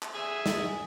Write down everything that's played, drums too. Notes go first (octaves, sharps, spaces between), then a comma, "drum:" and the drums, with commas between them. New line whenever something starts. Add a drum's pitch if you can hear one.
drum: clap
G#4 E5
drum: snare